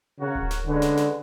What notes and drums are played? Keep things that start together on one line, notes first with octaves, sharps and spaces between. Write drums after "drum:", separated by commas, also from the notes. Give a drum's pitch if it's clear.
C#3 F#4 A#4 C#5 F#5
drum: kick D1
drum: snare
D3 G#3 C#4 F#4 B4
drum: snare
drum: snare